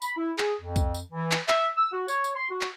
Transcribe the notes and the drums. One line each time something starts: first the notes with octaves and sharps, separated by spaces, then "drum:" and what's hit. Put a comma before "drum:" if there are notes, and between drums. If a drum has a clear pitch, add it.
B5, drum: tambourine
E4
G#4, drum: clap
F2
drum: kick, tambourine
drum: tambourine
E3
drum: clap
E5, drum: clap
E6
F#4
C#5, drum: tambourine
drum: tambourine
C6
F#4
drum: clap